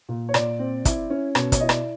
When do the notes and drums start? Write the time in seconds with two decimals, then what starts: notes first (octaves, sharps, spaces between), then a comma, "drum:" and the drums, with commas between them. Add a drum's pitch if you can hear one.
0.09 A#2
0.29 C#5
0.34 A#2 D5, drum: rim click
0.59 C4
0.85 E4, drum: kick, hi-hat
1.10 C#4
1.35 B2 C#5, drum: rim click
1.52 C#5, drum: kick, hi-hat
1.60 E4 D#5
1.69 D5, drum: rim click